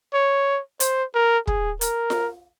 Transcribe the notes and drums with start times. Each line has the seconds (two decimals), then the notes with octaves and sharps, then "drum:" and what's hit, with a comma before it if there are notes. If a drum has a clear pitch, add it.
0.13 C#5
0.80 C5, drum: hi-hat
1.15 A#4
1.47 G#4, drum: kick
1.81 A#4, drum: hi-hat
2.10 drum: snare F4